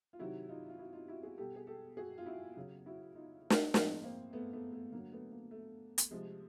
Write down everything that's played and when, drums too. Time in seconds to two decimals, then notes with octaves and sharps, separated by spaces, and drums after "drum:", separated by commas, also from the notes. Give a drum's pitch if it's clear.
0.13 F4
0.19 C3 D#3 F#3 E4 F#4
0.49 D#4 F4
0.69 F4
0.79 E4 F#4
0.93 D#4 F4
1.08 E4 F#4
1.23 F#4 G#4
1.38 B2 G3 G4 A4
1.56 G#4
1.67 G4 A4
1.97 F#4 G#4
2.18 F4
2.26 E4 F#4
2.56 C#3 F#3
2.86 E4 F#4
3.15 D#4 F4
3.50 drum: snare
3.74 A2 F3 G#3 A#3 C4, drum: snare
4.03 A#3 C4
4.33 A3 B3
4.53 A3 B3
4.73 A3
4.92 D3 F#3 A#3
5.12 A3 B3
5.32 A#3
5.51 A3
5.98 drum: hi-hat
6.11 C3 F3 G#3